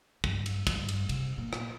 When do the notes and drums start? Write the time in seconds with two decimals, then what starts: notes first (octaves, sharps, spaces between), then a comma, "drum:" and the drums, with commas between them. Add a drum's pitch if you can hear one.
0.24 G2, drum: kick
0.46 drum: cymbal
0.67 G2, drum: kick, cymbal
0.89 drum: cymbal
1.09 C3, drum: cymbal
1.38 A#2
1.53 drum: rim click